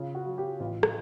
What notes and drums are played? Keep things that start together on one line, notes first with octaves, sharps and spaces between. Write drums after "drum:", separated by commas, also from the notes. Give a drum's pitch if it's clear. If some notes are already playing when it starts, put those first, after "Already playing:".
Already playing: C#3 F4
F#4
F#3
G4
A1 F4
drum: rim click